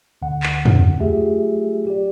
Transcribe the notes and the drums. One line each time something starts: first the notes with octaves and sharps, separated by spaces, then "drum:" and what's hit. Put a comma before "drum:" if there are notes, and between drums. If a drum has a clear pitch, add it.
D2 D3 F#5
drum: clap
drum: tom
F#3 A3 F4 G4 G#4 E5
G4 D5